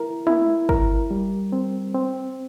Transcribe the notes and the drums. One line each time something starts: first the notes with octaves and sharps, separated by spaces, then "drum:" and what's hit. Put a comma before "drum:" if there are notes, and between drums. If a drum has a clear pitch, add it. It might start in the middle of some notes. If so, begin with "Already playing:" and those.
Already playing: E4 A#4
E4, drum: tom
A#4, drum: kick
G3
C4
C4